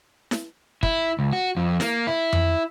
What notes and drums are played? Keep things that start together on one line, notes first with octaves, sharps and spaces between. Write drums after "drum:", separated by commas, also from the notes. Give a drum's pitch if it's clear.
drum: snare E4
E4, drum: kick
C#2
F#4
F2
A#3, drum: snare E4
E4
drum: tom F2